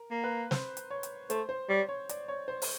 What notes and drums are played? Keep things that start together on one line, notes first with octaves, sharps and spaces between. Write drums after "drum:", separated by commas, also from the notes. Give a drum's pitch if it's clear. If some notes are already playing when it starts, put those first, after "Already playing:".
Already playing: A#4
A#3
B4
C5, drum: snare
drum: hi-hat
C#5
drum: hi-hat
A3 C5, drum: hi-hat
C5
G3 C#5
C#5
D5, drum: hi-hat
C#5
C5
drum: open hi-hat